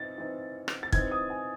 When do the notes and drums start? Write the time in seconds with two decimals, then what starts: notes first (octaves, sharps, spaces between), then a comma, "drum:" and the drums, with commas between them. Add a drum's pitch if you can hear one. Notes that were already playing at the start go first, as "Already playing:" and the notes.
Already playing: E3 C4 D#4 A6
0.18 E3 C4 D#4
0.68 drum: rim click
0.83 A6
0.92 E3 C4 D#4 G#6, drum: kick
1.11 D#6
1.30 G#5